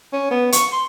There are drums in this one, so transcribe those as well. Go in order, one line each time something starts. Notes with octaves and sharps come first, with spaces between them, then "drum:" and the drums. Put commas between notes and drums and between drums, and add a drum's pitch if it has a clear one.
C#4
B3
C#6, drum: hi-hat
C6